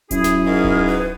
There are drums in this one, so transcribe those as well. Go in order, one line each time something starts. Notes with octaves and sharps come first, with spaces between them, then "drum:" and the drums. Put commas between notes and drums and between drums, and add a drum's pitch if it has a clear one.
F#2 E4 G#4, drum: kick D1, hi-hat
drum: snare
G#2 A#4
drum: kick D1
B4